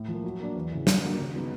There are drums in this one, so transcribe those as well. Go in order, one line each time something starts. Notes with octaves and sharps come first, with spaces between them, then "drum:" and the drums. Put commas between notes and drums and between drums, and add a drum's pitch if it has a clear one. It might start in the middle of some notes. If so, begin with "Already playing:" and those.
Already playing: A2
F3 A#3
F#3
A#3 D4
E2
C#3 E3
D3, drum: snare
G3 A#3 D4 F#4
C#3
F#3 B3 D#4